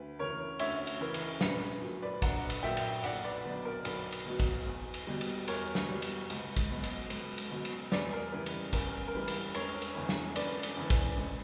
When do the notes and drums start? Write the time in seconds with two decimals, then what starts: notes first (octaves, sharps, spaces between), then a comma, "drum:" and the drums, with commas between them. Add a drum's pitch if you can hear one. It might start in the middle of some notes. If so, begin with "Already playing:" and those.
Already playing: D2 B4
0.19 C#3 E3 A#4 C#5
0.59 D2 C#5 E5, drum: cymbal
0.87 drum: cymbal
1.01 C#3 E3 A#4
1.14 drum: cymbal
1.41 A#1 B4, drum: snare
1.62 B4
1.82 A#2 F#3
2.02 B4 D5
2.22 A#1 F#5 A#5, drum: kick, cymbal
2.50 drum: cymbal
2.63 A#2 F#3 E5 G5
2.77 drum: cymbal
3.04 B1 D5 F#5, drum: cymbal
3.24 B4 D5
3.44 B2 F#3 B4
3.65 A#4
3.85 B1 B4, drum: cymbal
4.12 drum: cymbal
4.26 B2 F#3
4.40 drum: kick, cymbal
4.67 E2
4.94 drum: cymbal
5.07 B2 G3
5.21 drum: cymbal
5.48 E2 A#4 C#5, drum: cymbal
5.75 drum: snare
5.88 B2 G3
6.02 drum: cymbal
6.30 C#2, drum: cymbal
6.56 drum: kick, cymbal
6.71 B2 F#3
6.84 drum: cymbal
7.10 C#2, drum: cymbal
7.38 drum: cymbal
7.51 B2 F#3
7.65 drum: cymbal
7.92 E2 B4 D5, drum: snare
8.13 A#4
8.32 C#3 E3 G3 B4
8.46 drum: cymbal
8.73 E2 A#4, drum: kick, cymbal
9.08 A#4
9.14 C#3 E3 G3 B4
9.28 drum: cymbal
9.54 E1 A#4 C#5, drum: cymbal
9.82 drum: cymbal
9.95 E2 C#3 E3
10.09 drum: snare
10.36 E1 B4 D5, drum: cymbal
10.63 drum: cymbal
10.77 E2 C#3 E3
10.90 drum: kick, cymbal
11.17 C#2